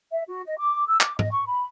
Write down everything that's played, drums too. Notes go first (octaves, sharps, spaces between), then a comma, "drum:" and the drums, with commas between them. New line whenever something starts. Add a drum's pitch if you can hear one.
E5
F#4
D#5
D6
E6
D6, drum: clap
D#5, drum: tom
C#6
B5